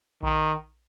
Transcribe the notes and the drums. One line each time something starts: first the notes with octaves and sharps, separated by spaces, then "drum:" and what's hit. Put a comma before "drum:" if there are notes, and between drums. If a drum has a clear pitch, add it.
D#3, drum: kick A#1